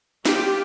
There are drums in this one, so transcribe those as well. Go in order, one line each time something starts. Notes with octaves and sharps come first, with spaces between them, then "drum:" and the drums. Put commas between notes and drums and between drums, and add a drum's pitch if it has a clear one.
F4 G4, drum: snare